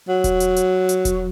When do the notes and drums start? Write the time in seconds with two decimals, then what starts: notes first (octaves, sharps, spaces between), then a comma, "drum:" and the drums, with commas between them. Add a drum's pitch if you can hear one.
0.08 F#3
0.24 drum: kick E1, hi-hat
0.40 drum: hi-hat
0.56 drum: hi-hat
0.89 drum: hi-hat
1.05 drum: kick E1, hi-hat